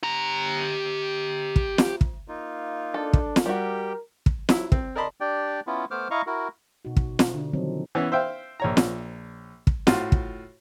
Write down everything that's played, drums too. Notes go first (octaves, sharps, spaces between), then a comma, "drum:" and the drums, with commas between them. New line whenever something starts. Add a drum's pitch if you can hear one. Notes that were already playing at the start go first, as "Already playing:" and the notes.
G4 A#5
drum: kick
drum: snare
drum: kick
A#3 D#4 F4
D4 A4
drum: kick
drum: snare
G3 F#4 G4 A#4 G5
drum: kick
F#3 E4, drum: snare
C4, drum: kick
A#4 D5 D#5 A5 B5 C6
D4 G4 D5 G5
B3 C#4 E4 F4
A3 B3 C5 D6 F6
E4 D#5 F5 A#5 C#6
E4 F#4 A#4
B2 D#4 F#4
drum: kick
drum: snare
D3 D4
D#3 F3 F#3 C4 D#4
E3 B3 C#4
C5 E5 F5 G5
A#1 C#5 A#5
drum: snare
drum: kick
A2 F4 F#4, drum: snare
drum: kick